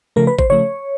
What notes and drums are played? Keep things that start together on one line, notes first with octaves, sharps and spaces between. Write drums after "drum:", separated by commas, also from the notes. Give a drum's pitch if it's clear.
C#3 F3 A3 A#4
B4
C5, drum: kick G#1
C#3 F3 A3 C#5